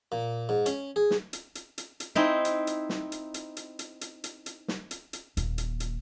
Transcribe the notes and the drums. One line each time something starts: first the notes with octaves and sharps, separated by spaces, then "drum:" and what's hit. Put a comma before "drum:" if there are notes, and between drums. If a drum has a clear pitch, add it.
A#2
G#2
C#4, drum: hi-hat
G#4
drum: snare
drum: hi-hat
drum: hi-hat
drum: hi-hat
drum: hi-hat
C4 D#4 E4
drum: hi-hat
drum: hi-hat
drum: snare
drum: hi-hat
drum: hi-hat
drum: hi-hat
drum: hi-hat
drum: hi-hat
drum: hi-hat
drum: hi-hat
drum: snare
drum: hi-hat
drum: hi-hat
D#1 A#3, drum: hi-hat
drum: hi-hat
drum: hi-hat